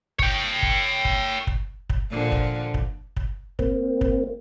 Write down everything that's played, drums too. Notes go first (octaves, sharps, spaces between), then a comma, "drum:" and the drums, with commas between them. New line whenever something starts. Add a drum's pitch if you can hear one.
C#5 G5, drum: kick
drum: kick
drum: kick
drum: kick
drum: kick
A#2 D3 F3
drum: kick
drum: kick
drum: kick
A#3 C4, drum: kick
drum: kick